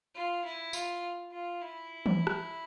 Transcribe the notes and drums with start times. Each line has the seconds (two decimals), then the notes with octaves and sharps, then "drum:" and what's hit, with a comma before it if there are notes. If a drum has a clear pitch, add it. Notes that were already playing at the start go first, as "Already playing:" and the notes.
0.15 F4
0.45 E4
0.73 F4, drum: tambourine
1.32 F4
1.61 E4
2.06 drum: tom E3
2.27 drum: rim click